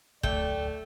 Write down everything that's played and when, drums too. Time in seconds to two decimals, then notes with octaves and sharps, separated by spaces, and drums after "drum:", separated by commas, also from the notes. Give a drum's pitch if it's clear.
0.23 D1 G#1 A3 D5 G5, drum: kick